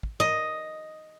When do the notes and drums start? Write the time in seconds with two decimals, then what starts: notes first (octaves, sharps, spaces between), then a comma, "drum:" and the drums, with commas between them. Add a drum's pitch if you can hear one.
0.03 drum: kick
0.20 D#5, drum: tom G#2